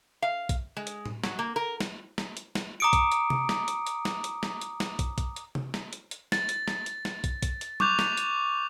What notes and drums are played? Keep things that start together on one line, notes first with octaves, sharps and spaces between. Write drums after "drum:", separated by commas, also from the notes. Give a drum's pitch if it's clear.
F5
drum: kick, hi-hat
G#3
drum: hi-hat
drum: tom A2
F#3, drum: snare
A#3
A#4
drum: snare
drum: snare
drum: hi-hat
drum: snare
A#5 D6 D#6 C#7 D7
drum: kick, hi-hat
drum: hi-hat
drum: tom C3
drum: snare
drum: hi-hat
drum: hi-hat
drum: snare
drum: hi-hat
drum: snare
drum: hi-hat
drum: snare
drum: kick, hi-hat
drum: kick, hi-hat
drum: hi-hat
drum: tom C3
drum: snare
drum: hi-hat
drum: hi-hat
A6, drum: snare
drum: hi-hat
drum: snare
drum: hi-hat
drum: snare
drum: kick, hi-hat
drum: kick, hi-hat
drum: hi-hat
C#6 D6 F#6 G6 F7, drum: tom
drum: snare
drum: hi-hat